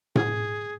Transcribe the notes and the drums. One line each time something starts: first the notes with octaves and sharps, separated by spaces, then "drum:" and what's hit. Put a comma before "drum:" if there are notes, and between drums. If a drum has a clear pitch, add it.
G#4, drum: tom A2